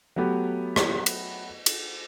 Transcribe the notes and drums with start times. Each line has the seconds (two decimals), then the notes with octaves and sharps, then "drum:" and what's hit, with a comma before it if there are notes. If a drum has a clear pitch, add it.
0.16 F#3 A3 B3 G4
0.76 drum: rim click
1.06 drum: cymbal
1.66 drum: cymbal